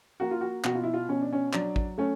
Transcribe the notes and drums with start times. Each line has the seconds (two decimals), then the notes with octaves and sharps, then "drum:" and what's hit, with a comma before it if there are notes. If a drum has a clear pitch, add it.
0.20 A#3 F#4
0.31 F4
0.41 F#4
0.64 B2 F#4, drum: clap
0.75 F4
0.84 E4
0.94 F4
1.09 B2 C#4
1.22 D4
1.32 C#4
1.53 F#3 D4, drum: clap
1.76 drum: kick A1
1.98 A3 C#4